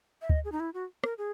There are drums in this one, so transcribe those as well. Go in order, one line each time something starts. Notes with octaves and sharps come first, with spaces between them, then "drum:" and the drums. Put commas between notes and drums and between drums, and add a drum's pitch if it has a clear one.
E5
D#5, drum: kick D2
G#4
D#4
E4
F#4
A#4, drum: rim click
G#4